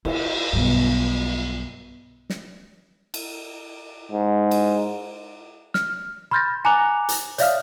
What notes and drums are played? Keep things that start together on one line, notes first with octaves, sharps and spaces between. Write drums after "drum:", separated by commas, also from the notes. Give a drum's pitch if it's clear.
E4, drum: cymbal
B1 G2
drum: snare
drum: cymbal
G#2
drum: cymbal
F6, drum: snare
B5 C6 F6 G6 A6 A#6
G#5 A#5 D6 F#6 C#7 F7
drum: hi-hat
C#5 D5 E5 F5 D#6 F6, drum: hi-hat